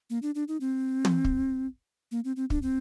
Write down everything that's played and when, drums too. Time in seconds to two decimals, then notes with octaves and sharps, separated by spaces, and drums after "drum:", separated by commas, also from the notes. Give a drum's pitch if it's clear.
0.10 A#3
0.22 D4
0.35 D4
0.48 D#4
0.61 C4
1.05 drum: tom
1.24 drum: kick
2.11 A#3
2.24 C4
2.36 C4
2.50 D4, drum: kick
2.62 C4